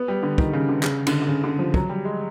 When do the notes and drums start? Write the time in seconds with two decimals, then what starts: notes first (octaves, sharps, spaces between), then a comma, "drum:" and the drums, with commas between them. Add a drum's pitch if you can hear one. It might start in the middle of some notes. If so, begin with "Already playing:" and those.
Already playing: B3
0.08 G3
0.23 D3
0.38 D#3, drum: kick
0.53 C#3
0.69 D3
0.83 C#3, drum: clap
1.07 D3, drum: cymbal
1.22 D3
1.28 C#3
1.44 D3
1.59 F3
1.74 F#3, drum: kick
1.89 G3
2.05 G#3